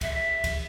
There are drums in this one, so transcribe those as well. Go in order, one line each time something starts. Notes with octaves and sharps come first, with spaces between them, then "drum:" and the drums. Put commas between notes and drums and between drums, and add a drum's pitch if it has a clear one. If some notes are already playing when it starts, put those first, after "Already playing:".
E5, drum: kick C2, cymbal
drum: kick C2, cymbal